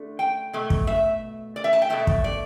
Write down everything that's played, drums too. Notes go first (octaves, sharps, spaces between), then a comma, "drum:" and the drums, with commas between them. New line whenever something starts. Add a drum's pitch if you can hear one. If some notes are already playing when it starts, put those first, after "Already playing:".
Already playing: D3 A3
G5
B2 A3
drum: kick
E5
D5
E5
A5
G5
B2 A3 E5
drum: kick
D5